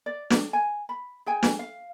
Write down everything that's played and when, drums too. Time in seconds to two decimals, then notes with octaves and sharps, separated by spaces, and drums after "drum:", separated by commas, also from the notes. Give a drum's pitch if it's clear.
0.06 D5
0.30 D4, drum: snare
0.53 G#5
0.89 B5
1.26 G#4 G5 G#5
1.43 drum: snare
1.59 F5